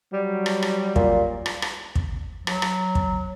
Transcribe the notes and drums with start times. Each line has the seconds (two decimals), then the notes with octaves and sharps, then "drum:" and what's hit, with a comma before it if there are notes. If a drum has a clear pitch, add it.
0.13 F#3 G3
0.46 drum: rim click
0.62 drum: rim click
0.96 A#2, drum: kick
1.46 drum: rim click
1.62 drum: rim click
1.96 drum: kick
2.47 F#3, drum: rim click
2.62 drum: rim click
2.95 drum: kick